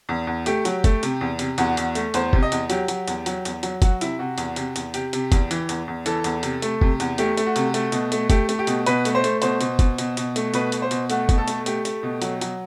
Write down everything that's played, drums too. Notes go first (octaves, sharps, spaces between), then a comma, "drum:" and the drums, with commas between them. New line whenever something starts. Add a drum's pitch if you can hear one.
E2
E2
A3 G4, drum: hi-hat
F#3, drum: hi-hat
A3, drum: kick F#1, hi-hat
C3, drum: hi-hat
E2
C3, drum: hi-hat
E2 F#4, drum: hi-hat
E2, drum: hi-hat
A3, drum: hi-hat
E2 C5, drum: hi-hat
C3, drum: kick F#1
D#5
E2, drum: hi-hat
F#3 G4, drum: hi-hat
F#3, drum: hi-hat
E2, drum: hi-hat
F#3, drum: hi-hat
E2, drum: hi-hat
F#3, drum: hi-hat
F#3 F#4, drum: kick F#1, hi-hat
C3 E4, drum: hi-hat
C3 F#4
E2, drum: hi-hat
C3, drum: hi-hat
E2, drum: hi-hat
C3 G4, drum: hi-hat
C3, drum: hi-hat
E2, drum: kick F#1, hi-hat
E3, drum: hi-hat
E2, drum: hi-hat
E2
E3 A4, drum: hi-hat
E2, drum: hi-hat
C3, drum: hi-hat
A3, drum: hi-hat
C3, drum: kick F#1
E2, drum: hi-hat
A3 G4, drum: hi-hat
A3, drum: hi-hat
F#4
C3, drum: hi-hat
A3, drum: hi-hat
B2, drum: hi-hat
A3, drum: hi-hat
A3 G4, drum: kick F#1, hi-hat
A3, drum: hi-hat
G4
B2, drum: hi-hat
B2 B4, drum: hi-hat
A3, drum: hi-hat
C5
A3, drum: hi-hat
B2 C5, drum: hi-hat
B2, drum: hi-hat
B2, drum: kick F#1, hi-hat
B2, drum: hi-hat
B2, drum: hi-hat
A3, drum: hi-hat
B2 B4, drum: hi-hat
B2, drum: hi-hat
C5
B2, drum: hi-hat
A3 F#5, drum: hi-hat
B2, drum: kick F#1, hi-hat
A4
A3, drum: hi-hat
A3 G4, drum: hi-hat
A3, drum: hi-hat
B2
F#3, drum: hi-hat
F#3, drum: hi-hat